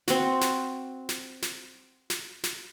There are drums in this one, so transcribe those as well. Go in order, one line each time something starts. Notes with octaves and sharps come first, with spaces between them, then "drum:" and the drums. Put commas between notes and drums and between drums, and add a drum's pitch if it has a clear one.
C4 F#4, drum: snare
drum: snare
drum: snare
drum: snare
drum: snare
drum: snare